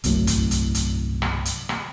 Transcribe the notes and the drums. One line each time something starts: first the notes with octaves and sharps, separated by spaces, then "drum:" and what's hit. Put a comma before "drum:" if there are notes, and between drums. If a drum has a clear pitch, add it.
G1 C2 F#2 A2, drum: hi-hat
drum: kick, hi-hat
drum: hi-hat
drum: hi-hat
drum: rim click
drum: hi-hat
drum: rim click